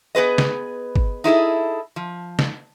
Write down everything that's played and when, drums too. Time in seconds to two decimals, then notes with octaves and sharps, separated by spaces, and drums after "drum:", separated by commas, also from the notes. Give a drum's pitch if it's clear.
0.15 B3 G#4 B4 D#5
0.38 drum: snare
0.96 drum: kick
1.24 D#4 E4 G#4 A4
1.96 F3
2.39 drum: snare